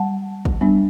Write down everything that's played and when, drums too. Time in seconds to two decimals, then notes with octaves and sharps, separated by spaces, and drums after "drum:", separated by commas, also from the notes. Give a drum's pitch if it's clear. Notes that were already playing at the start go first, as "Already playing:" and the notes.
Already playing: G3 F#5 A5
0.45 drum: kick
0.61 G3 B3 D4